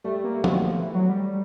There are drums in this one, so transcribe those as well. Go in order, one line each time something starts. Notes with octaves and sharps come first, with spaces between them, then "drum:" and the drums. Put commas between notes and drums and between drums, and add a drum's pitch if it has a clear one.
G3 A3
A#3
A3
F#3, drum: tom
F3
E3
F#3
G3